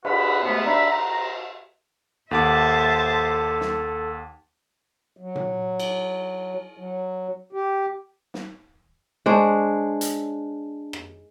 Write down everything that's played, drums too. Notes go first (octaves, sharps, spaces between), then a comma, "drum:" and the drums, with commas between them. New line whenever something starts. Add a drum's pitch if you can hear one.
D4 G#4 B4 F#5 B5, drum: cymbal
G#2 A3 B3
D4 E5 A#5 B5
A#5
D#2 A4 C5 E5 F#5 A5 D6
drum: snare
F#3
drum: tom A#2
drum: cymbal
F#3
G4
drum: snare
G#3 D4 C5 C#5
drum: hi-hat
drum: rim click